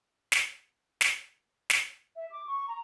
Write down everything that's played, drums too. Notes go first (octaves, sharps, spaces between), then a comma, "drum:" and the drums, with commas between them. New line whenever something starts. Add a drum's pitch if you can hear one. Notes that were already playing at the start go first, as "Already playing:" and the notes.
drum: snare
drum: snare
drum: snare
E5
D6
C#6
A#5